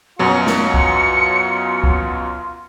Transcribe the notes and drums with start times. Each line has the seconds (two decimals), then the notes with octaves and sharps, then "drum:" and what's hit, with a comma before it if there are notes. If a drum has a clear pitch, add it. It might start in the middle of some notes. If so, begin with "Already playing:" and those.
0.19 F#2 B2 F#3 F4 C#7
0.47 drum: snare
0.74 drum: kick C2
1.84 drum: kick C2